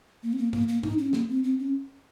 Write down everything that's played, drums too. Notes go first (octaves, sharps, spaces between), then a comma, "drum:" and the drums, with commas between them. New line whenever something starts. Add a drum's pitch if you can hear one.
A#3
C4
A#3
A#3, drum: tom
A#3
D#4, drum: tom
C#4
A#3, drum: snare
C4
C4
C#4